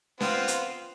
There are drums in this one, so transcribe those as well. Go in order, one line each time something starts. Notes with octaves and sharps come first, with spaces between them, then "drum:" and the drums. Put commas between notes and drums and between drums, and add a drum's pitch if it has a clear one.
B3 C4 F4, drum: snare
drum: hi-hat